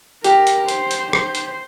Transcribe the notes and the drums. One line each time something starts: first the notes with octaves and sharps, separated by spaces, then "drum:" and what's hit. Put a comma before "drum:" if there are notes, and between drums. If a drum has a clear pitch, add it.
G4 A#4, drum: hi-hat
drum: hi-hat
C5, drum: hi-hat
drum: hi-hat
C5, drum: rim click
drum: hi-hat